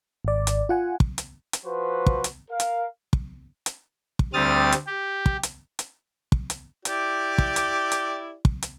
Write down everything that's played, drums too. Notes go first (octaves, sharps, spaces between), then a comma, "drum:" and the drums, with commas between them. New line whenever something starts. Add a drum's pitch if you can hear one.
G#1 D5
drum: hi-hat
F4 F#5 G#5
drum: kick
drum: hi-hat
drum: hi-hat
F3 F#4 B4 C5
drum: kick
drum: hi-hat
A#4 F5
drum: hi-hat
drum: kick
drum: hi-hat
drum: kick
D2 G3 C4 D#6 F6 A6
drum: hi-hat
G4
drum: kick
drum: hi-hat
drum: hi-hat
drum: kick
drum: hi-hat
E4 G4 D5, drum: hi-hat
drum: kick
drum: hi-hat
drum: hi-hat
drum: kick
drum: hi-hat